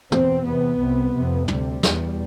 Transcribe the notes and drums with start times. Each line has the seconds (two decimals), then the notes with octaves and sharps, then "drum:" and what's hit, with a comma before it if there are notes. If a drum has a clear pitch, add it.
0.12 E2 B2 C4, drum: tom
0.46 E2 C3 B3
0.80 C2 C3
1.14 F2 C3
1.48 D2 C3 G3, drum: tom
1.83 E2 B2, drum: snare